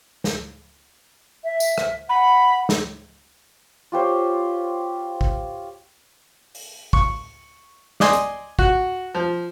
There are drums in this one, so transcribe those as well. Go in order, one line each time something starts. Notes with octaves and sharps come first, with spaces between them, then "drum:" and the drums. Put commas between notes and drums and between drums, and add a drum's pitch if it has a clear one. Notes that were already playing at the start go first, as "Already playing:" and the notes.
drum: snare
E5
drum: tambourine
drum: rim click
F#5 B5
drum: snare
F4 G4 C5 C#5
drum: kick
drum: open hi-hat
C#6, drum: kick
D5 D#5 G#5 C6, drum: snare
drum: hi-hat
F#4, drum: kick
F3